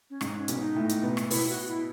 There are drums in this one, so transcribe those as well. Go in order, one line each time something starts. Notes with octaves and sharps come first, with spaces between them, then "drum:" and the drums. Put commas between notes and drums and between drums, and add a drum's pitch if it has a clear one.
C#4
G#2 D#4, drum: rim click
C#4
B1 B2, drum: hi-hat
D#4
A2 A3
drum: hi-hat
B2 B3
drum: rim click
B2 B3 E4, drum: open hi-hat
F#4
E4